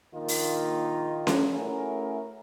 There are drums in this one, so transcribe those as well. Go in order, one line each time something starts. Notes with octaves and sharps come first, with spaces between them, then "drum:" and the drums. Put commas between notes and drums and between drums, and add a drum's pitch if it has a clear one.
A#1 D#3 A#3 D#4 F4
drum: open hi-hat
drum: snare C#4
A3 C#4 E4 F#4 G#4 A#4